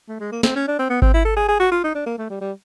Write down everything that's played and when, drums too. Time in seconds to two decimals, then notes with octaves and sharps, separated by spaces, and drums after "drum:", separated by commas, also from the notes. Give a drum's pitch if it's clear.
0.09 A3
0.20 G#3
0.32 A#3
0.43 C4, drum: snare
0.56 C#4
0.68 D4
0.79 C4
0.90 B3
1.02 C4, drum: kick G#1
1.14 E4
1.25 A4
1.36 G#4
1.48 G#4
1.60 F#4
1.72 F4
1.84 D#4
1.95 D4
2.06 A#3
2.18 A3
2.30 G3
2.41 G3